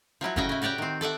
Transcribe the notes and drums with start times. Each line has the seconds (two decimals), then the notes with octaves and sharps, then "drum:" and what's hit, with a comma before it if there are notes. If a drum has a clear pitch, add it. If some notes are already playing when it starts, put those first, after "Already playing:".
0.21 F3 F#3 E4 F#4
0.36 A2 C#3 C#4 F#4 D#5 G5, drum: kick
0.49 C#4 E4
0.62 F#4 G4 D5 F#5 G5
0.78 D#3 C4
1.01 A4 D5 E5 F#5